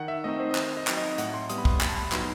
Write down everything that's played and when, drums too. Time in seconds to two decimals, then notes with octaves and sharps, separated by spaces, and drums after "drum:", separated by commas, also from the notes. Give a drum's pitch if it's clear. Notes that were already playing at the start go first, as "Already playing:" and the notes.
Already playing: D#3 F#5
0.08 E5
0.24 A3 C4 D#4 D#5
0.40 C5
0.51 D#5
0.55 D#3 C5, drum: clap
0.77 D#5
0.87 F#3 C4 D#4, drum: clap
0.97 D#5
1.18 A2 F#5, drum: hi-hat
1.34 C6
1.50 G3 B3 D#6, drum: hi-hat
1.58 B5
1.65 C6, drum: kick
1.81 A2, drum: clap
1.88 A5
1.96 B5
2.12 F#3 B3 D#4 C6, drum: clap